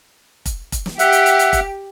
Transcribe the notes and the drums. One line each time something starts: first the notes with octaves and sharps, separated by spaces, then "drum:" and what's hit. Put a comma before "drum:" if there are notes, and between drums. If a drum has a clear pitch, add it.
drum: kick F1, hi-hat
drum: kick F1, hi-hat
drum: snare
G4 E5 F#5, drum: hi-hat
drum: hi-hat
drum: hi-hat
drum: hi-hat
drum: kick F1, hi-hat